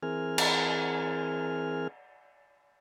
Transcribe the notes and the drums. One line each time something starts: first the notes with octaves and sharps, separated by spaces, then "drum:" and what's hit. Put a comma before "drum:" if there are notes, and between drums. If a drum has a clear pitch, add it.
E3 C4 G#4 A#4 G#5 F6
drum: cymbal